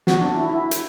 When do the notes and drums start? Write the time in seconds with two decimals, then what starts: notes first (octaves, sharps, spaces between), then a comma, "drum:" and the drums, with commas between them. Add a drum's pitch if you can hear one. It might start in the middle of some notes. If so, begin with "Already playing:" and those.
0.07 F#4, drum: snare
0.21 D4
0.36 E4
0.49 E4
0.71 drum: hi-hat